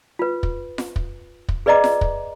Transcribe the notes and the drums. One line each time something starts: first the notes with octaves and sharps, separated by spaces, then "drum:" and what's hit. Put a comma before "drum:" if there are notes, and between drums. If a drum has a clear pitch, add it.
F4 B4
drum: kick
drum: snare F4
drum: kick
drum: kick
G#4 B4 D5 D#5 A#5 D6
drum: snare F4
drum: kick